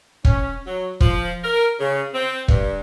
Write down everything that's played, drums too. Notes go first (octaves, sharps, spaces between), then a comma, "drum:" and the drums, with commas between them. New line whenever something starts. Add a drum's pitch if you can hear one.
C#4, drum: kick
F#3
F3, drum: kick
A#4
C#3
C4
G2, drum: kick